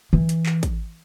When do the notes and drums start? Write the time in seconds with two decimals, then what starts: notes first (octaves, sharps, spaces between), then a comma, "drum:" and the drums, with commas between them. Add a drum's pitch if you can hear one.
0.13 E3
0.29 drum: hi-hat
0.46 drum: clap
0.63 drum: kick, hi-hat